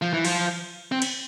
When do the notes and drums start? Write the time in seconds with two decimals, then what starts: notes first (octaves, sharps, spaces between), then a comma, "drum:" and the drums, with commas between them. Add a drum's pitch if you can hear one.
0.02 F3
0.13 E3
0.25 F3, drum: cymbal
0.92 C4
1.02 drum: cymbal